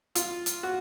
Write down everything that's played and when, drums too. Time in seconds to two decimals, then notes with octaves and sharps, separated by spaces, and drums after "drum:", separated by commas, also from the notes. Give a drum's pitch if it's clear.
0.15 F4, drum: hi-hat
0.46 drum: hi-hat
0.63 F#4